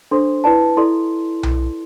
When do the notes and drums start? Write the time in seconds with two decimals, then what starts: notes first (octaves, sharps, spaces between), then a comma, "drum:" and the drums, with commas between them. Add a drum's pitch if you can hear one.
0.11 D4 A4 C5 C6
0.44 E4 B4 D5 A5
0.77 E4 A4 D5 C6
1.43 drum: tom B1